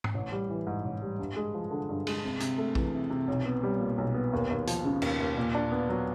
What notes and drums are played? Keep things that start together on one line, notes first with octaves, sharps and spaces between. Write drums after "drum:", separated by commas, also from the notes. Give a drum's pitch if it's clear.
drum: tom
A1
G3
E3
G#2
A1
G3
G2
G#3
F3
D3
G2
G#3, drum: cymbal
C3
C3, drum: hi-hat
A3
E3, drum: kick A#1
C3
C3
B1
B3
G3
A#2
B1
B3
D#2
D#2
F3, drum: hi-hat
C#3
D#2, drum: cymbal
D#2
A#2
D4
B3
F#3